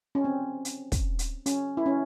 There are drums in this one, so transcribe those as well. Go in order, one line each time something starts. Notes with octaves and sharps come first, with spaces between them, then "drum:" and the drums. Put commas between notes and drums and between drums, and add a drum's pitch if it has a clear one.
C#4
C4
drum: hi-hat
drum: kick, hi-hat
drum: hi-hat
C#4, drum: hi-hat
E4
C#4